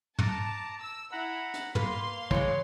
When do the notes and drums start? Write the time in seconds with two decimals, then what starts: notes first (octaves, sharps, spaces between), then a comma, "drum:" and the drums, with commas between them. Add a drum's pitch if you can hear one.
0.19 A5 A#5 D6, drum: tom
0.80 E6
1.12 E4 F#5 A#5 B5
1.54 drum: hi-hat
1.75 A#3 B4 F5 C6, drum: tom
2.31 E3 G#3 C#5, drum: kick